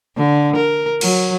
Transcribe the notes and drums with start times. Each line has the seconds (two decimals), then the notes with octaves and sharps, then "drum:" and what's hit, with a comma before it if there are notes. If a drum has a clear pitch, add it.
0.17 D3
0.56 A#4
1.01 F#3, drum: cymbal